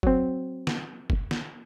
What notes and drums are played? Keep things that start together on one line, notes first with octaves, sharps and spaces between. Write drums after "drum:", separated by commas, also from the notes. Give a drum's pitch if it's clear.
F#3 C4, drum: kick
drum: snare
drum: kick
drum: snare